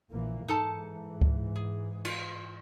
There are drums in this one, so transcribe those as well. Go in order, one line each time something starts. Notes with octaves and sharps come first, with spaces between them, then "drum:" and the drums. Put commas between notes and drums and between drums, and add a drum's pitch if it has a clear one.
A#1 E3 A#3
G#2 E3 D#4 A4 A5
drum: kick C#2
G#4
F4, drum: cymbal